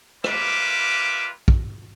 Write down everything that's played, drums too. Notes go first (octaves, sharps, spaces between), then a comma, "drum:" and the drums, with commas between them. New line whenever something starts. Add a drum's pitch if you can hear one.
G3 A#3 F4 B4 E5 D6, drum: rim click
drum: kick